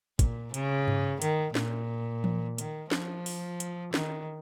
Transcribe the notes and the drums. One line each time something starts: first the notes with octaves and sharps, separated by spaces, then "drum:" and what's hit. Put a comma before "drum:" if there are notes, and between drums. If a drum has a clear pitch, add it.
A#2, drum: kick, hi-hat
C#3, drum: hi-hat
drum: tom G2
D#3, drum: hi-hat
A#2, drum: snare
drum: tom E3
D#3, drum: hi-hat
F3, drum: snare
drum: open hi-hat
drum: hi-hat
D#3, drum: snare